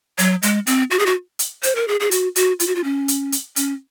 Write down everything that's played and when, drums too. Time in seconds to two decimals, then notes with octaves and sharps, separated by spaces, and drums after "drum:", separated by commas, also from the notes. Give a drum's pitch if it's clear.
0.19 F#3, drum: hi-hat
0.43 G#3, drum: hi-hat
0.67 C4, drum: hi-hat
0.91 F#4
0.99 G#4
1.06 F#4
1.39 drum: hi-hat
1.63 C5, drum: hi-hat
1.75 A#4
1.88 G#4
2.00 G#4
2.11 F#4, drum: hi-hat
2.36 F#4, drum: hi-hat
2.60 F4, drum: hi-hat
2.67 F#4
2.75 F4
2.84 C#4
3.08 drum: hi-hat
3.32 drum: hi-hat
3.56 C#4, drum: hi-hat